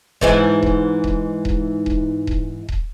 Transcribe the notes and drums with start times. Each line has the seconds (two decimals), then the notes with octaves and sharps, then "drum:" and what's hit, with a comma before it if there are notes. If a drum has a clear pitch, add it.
0.21 G#2 E3 G#3, drum: kick D#1
0.63 drum: kick D#1
1.04 drum: kick D#1
1.45 drum: kick D#1
1.86 drum: kick D#1
2.27 drum: kick D#1
2.69 drum: kick D#1